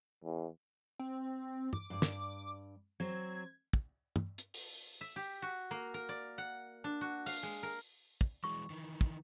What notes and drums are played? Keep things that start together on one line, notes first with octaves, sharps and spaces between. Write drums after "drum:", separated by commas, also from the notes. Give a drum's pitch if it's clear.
E2
C4
D6, drum: tom
G2 D5
drum: snare
F#3 C4 G#6
drum: kick
drum: tom
drum: hi-hat
drum: open hi-hat
E5
G4
F#4
A#3
A#4
D5
F#5
D4
F#4
F5, drum: open hi-hat
G#3
A#4
drum: kick
E3 G#3 C#6
D#3 E3
drum: kick